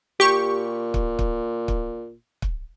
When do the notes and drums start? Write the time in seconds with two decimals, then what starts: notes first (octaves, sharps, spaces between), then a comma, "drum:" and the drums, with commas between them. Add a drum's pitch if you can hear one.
0.20 A#2 G4 C#6
0.94 drum: kick
1.19 drum: kick
1.68 drum: kick
2.42 drum: kick